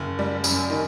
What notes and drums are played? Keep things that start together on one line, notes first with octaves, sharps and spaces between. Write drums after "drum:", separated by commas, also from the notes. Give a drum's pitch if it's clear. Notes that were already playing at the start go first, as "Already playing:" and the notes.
Already playing: F#1
G3
F#2, drum: tambourine
D#3